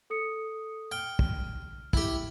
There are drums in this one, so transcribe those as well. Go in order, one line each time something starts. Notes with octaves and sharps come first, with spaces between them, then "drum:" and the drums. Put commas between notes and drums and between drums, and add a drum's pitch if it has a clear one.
A4 D#6 C#7
G5 F6
drum: kick
E4 G4, drum: kick